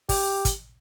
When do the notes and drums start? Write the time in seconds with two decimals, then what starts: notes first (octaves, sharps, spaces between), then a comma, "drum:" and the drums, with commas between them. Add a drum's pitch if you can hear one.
0.09 G4, drum: kick, open hi-hat
0.45 drum: kick, hi-hat